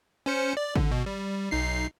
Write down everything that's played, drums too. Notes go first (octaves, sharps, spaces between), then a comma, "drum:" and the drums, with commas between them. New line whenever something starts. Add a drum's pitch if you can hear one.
C#4 C5 C#7
D5
D3, drum: kick G#1
B2
G3
B1 D#4 C7